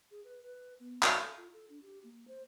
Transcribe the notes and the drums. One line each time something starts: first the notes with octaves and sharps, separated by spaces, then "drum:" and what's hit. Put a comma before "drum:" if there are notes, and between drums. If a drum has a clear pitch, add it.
G#4
B4
B4
B3
F#4, drum: clap
A4
F4
A4
D4
G4
A#3
C5